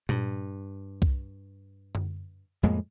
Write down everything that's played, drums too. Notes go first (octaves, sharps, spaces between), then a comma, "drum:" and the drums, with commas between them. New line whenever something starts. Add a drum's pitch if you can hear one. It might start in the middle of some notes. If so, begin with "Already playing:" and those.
G2, drum: tom A#2
drum: kick C2
drum: tom F#2
F2 A2 G#3 A#3